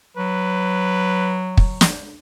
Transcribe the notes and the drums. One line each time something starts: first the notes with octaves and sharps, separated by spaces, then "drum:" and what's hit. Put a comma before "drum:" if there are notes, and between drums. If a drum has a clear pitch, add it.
F#3 B4
drum: kick
drum: snare